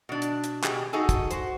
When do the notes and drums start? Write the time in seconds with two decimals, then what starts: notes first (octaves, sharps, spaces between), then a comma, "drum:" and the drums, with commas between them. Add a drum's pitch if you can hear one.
0.09 B2 D4
0.22 drum: hi-hat
0.44 drum: hi-hat
0.64 B2 G4 G#4, drum: clap
0.93 D#4 F#4 G#4 A4
1.09 drum: kick, hi-hat
1.31 F#4 C5, drum: hi-hat